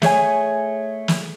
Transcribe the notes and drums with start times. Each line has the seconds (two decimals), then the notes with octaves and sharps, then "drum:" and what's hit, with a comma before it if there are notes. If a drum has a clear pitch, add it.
0.02 A3 G#4 C#5 G#5, drum: snare
1.08 drum: snare